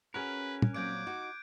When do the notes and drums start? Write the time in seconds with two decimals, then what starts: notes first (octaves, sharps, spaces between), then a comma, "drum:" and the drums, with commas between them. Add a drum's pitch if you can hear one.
0.14 C#4 F#4 G#4 A#4 B4 F#6
0.62 drum: tom
0.74 A#2 F#3 C4 D6 G6 G#6 D7
1.06 D#4 F#4